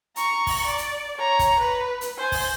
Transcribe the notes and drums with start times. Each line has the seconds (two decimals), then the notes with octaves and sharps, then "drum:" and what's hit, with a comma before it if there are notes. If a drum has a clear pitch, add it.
0.16 A#5 C#6, drum: hi-hat
0.47 drum: kick, open hi-hat
0.66 D5
0.77 drum: hi-hat
1.17 C#5 A#5
1.39 drum: kick, hi-hat
1.59 B4
2.01 drum: hi-hat
2.18 C5 G#5
2.32 drum: kick, open hi-hat